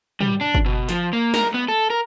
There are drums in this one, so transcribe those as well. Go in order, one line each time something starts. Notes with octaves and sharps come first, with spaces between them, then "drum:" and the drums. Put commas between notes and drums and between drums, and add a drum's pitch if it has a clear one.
G3, drum: tom
D4
drum: kick
B2
F3, drum: hi-hat
A#3
A#4, drum: snare
B3
A4
A#4